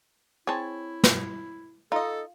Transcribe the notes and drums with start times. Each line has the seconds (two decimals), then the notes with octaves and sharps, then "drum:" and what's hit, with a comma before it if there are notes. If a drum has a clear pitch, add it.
0.47 C4 E4 G#4 C#5 A5
1.04 drum: snare
1.92 D#4 F4 A4 D#5